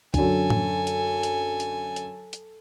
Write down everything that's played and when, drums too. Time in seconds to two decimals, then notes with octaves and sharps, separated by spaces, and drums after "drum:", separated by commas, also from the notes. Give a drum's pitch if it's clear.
0.14 F#2 D3 A4 G#5, drum: kick, hi-hat
0.50 drum: tom A2
0.87 drum: hi-hat
1.23 drum: hi-hat
1.60 drum: hi-hat
1.96 drum: hi-hat
2.33 drum: hi-hat